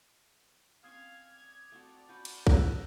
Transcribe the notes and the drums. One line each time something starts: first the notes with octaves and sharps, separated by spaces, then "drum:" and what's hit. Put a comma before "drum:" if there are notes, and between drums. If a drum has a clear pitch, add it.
C4 C#4 C#5 F5 D#6 G#6
D5
A3 C4 F#4
C#4 F#4 B5 G6
drum: cymbal
D3 A4 E5 E6 F#6 A#6, drum: kick A#1